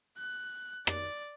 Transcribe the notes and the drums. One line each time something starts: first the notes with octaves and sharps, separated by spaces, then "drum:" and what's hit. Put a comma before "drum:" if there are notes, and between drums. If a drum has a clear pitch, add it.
F#6
D5, drum: rim click